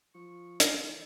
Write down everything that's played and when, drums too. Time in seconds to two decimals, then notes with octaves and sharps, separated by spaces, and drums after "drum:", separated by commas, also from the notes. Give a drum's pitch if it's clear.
0.15 F3 C#6
0.60 A4, drum: hi-hat
0.77 E3